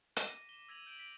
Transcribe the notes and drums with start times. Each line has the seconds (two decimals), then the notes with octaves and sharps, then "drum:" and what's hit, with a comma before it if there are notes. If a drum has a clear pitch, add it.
0.17 D6 A#6 B6 D#7, drum: hi-hat
0.31 A#6
0.49 E7 G7
0.68 E6 G#6 A#6 D#7 F7 F#7
0.87 G6 D7 F#7
0.99 B6 D7